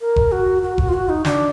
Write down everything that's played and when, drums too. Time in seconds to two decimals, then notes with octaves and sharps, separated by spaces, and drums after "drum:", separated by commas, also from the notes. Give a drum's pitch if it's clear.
0.01 A#4
0.16 drum: kick F1
0.32 F#4
0.63 F#4
0.78 F#4, drum: kick F1
0.89 F4
0.94 F#4
1.09 D#4
1.25 D4, drum: snare